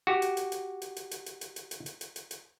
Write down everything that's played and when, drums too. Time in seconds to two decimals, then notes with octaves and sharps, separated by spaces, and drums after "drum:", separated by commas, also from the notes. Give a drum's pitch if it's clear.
0.07 F#4 G4
0.22 drum: hi-hat
0.37 drum: hi-hat
0.52 drum: hi-hat
0.82 drum: hi-hat
0.96 drum: hi-hat
1.11 drum: hi-hat
1.26 drum: hi-hat
1.41 drum: hi-hat
1.56 drum: hi-hat
1.71 drum: hi-hat
1.86 drum: hi-hat
2.01 drum: hi-hat
2.16 drum: hi-hat
2.31 drum: hi-hat